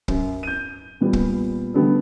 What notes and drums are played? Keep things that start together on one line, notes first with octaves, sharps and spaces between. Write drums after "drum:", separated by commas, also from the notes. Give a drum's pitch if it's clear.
F#2, drum: kick
G6 D#7
A#2 G3 B3
drum: kick
D3 G3 A3 B3 G4 A4